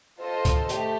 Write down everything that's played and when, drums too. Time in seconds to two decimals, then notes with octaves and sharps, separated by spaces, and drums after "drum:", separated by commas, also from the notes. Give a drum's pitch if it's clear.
0.20 F4 A4 C5 D#5
0.45 drum: kick, hi-hat
0.69 A3 G4, drum: hi-hat